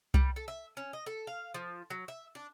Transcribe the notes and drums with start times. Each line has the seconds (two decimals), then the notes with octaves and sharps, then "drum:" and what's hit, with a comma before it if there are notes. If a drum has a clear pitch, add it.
0.14 G3, drum: kick C2
0.36 A4
0.48 E5
0.77 C#4
0.93 D#5
1.06 A4
1.27 F5
1.54 F3
1.90 F#3
2.08 E5
2.35 D4